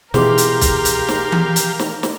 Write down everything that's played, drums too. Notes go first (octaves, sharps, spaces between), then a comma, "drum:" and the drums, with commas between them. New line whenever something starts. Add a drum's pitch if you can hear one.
B2 E3 G4 G#4 A#4 F5 C6 D6, drum: snare
drum: hi-hat
drum: kick B1, hi-hat
drum: hi-hat
drum: snare
drum: tom E3
drum: hi-hat
drum: snare
drum: snare